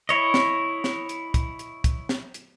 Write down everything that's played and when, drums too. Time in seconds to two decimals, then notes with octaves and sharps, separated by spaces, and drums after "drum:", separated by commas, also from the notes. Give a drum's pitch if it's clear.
0.09 E4 C#5 D#5, drum: hi-hat
0.34 drum: snare
0.84 drum: snare
1.09 drum: hi-hat
1.34 drum: kick C2, hi-hat
1.59 drum: hi-hat
1.84 drum: kick C2, hi-hat
2.09 drum: snare
2.34 drum: hi-hat